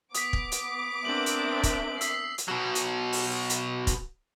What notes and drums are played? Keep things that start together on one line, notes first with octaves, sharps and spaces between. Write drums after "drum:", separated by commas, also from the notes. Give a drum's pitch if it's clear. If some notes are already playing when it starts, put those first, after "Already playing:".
B3 D6 D#6 B6 D7, drum: hi-hat
drum: kick
drum: hi-hat
C4 D4 A#4 E5 F#7
drum: hi-hat
drum: kick, hi-hat
E6 B6 C7, drum: hi-hat
drum: hi-hat
B2 F#3
drum: hi-hat
drum: open hi-hat
drum: hi-hat
drum: kick, hi-hat